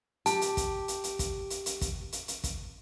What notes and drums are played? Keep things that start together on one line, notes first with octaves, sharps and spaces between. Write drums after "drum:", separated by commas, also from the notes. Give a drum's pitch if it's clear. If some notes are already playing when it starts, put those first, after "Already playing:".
G4 A5, drum: hi-hat
drum: hi-hat
drum: kick, hi-hat
drum: hi-hat
drum: hi-hat
drum: kick, hi-hat
drum: hi-hat
drum: hi-hat
drum: kick, hi-hat
drum: hi-hat
drum: hi-hat
drum: kick, hi-hat